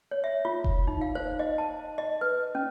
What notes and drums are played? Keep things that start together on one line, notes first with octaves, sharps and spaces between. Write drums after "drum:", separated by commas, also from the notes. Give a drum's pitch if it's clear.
C#5
E5
F4
drum: kick F1
D#4
F5
C5
D#5
A5
D#5
B4
C#4